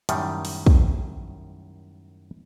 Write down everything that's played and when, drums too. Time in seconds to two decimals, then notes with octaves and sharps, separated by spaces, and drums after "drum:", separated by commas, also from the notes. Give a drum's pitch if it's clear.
0.09 F#2 A2 D#3 G3, drum: hi-hat
0.45 drum: open hi-hat
0.66 drum: kick